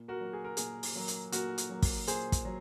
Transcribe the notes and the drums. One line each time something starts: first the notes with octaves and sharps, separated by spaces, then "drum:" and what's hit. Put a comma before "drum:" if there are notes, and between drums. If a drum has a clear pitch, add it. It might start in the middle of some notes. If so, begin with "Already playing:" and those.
Already playing: A#2
F#4 A#4
F#3 A#3
G#4
A#4
A#2 G#4, drum: hi-hat
drum: open hi-hat
F#3 A#3
drum: hi-hat
A#2 F#4 A#4, drum: hi-hat
drum: hi-hat
F#3 A#3
drum: kick, open hi-hat
A#2 G#4 C5, drum: hi-hat
drum: kick, hi-hat
F#3